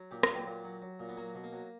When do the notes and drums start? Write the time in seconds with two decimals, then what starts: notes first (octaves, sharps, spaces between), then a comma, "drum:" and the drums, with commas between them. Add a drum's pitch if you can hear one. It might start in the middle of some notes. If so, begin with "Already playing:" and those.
Already playing: F#3
0.11 A#2 G4
0.23 A#4, drum: rim click
0.30 F#3
0.35 G4
0.47 A#2
0.64 F#3
0.82 F#3
0.99 A#2
1.09 B3
1.17 F#3 A#3
1.35 B2
1.44 A#3
1.53 F#3